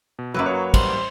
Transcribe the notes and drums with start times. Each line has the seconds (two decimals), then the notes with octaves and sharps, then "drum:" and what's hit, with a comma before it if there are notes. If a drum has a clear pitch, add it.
0.19 B2
0.34 G1 F#2 F#3 A#3 E4 B4
0.46 F#3 F#4 C#5
0.74 A1 G3 C5, drum: kick, cymbal